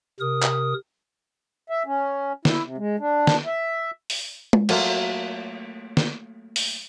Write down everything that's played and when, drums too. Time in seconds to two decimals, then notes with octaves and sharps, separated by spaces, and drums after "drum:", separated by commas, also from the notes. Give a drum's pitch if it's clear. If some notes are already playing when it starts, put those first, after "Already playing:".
0.20 C3 A#4 D#6
0.43 drum: clap
1.70 E5
1.86 C#4
2.45 E4, drum: snare
2.63 C3
2.78 G#3
2.99 D4
3.27 drum: snare
3.46 E5
4.10 drum: open hi-hat
4.53 drum: tom G#3
4.69 F#3 A3 A#3 F4, drum: cymbal
5.97 drum: snare
6.56 drum: open hi-hat